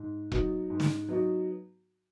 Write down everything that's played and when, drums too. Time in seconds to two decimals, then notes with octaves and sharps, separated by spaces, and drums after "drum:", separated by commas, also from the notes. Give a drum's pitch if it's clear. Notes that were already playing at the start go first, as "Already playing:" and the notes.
Already playing: G#2
0.32 F#3 B3 D#4 F#4, drum: kick E1
0.70 G#2
0.80 drum: snare
1.08 F#3 B3 D#4 F#4